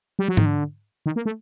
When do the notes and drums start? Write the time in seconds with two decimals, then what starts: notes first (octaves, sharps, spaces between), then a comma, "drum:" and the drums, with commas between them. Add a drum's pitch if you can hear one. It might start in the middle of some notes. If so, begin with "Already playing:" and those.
0.19 G3
0.28 F#3
0.37 D#3, drum: tom G#2
0.46 D3
1.06 D#3
1.16 A#3
1.26 A3